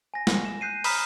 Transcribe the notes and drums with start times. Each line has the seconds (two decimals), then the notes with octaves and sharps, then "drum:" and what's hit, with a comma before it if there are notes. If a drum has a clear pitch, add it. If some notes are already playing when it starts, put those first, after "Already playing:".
0.14 G#5 A#6
0.27 drum: snare
0.45 E7
0.61 F#6 G6 C7 D#7
0.84 A#5 B5 D#6 F6 B6 E7, drum: open hi-hat